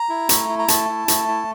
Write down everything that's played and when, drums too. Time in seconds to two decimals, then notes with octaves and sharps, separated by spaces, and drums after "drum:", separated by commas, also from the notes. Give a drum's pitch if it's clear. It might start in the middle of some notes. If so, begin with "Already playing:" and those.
Already playing: A#5
0.09 E4
0.29 A3, drum: hi-hat
0.49 E4
0.59 A#5
0.68 A3 A5, drum: hi-hat
0.89 E4
1.08 A3, drum: hi-hat
1.28 E4